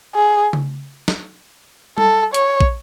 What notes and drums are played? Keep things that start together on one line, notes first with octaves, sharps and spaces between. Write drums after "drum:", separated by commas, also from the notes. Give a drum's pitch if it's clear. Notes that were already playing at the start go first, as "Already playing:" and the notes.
G#4
drum: tom C#3
drum: snare
A4, drum: tom G3
C#5, drum: hi-hat
drum: kick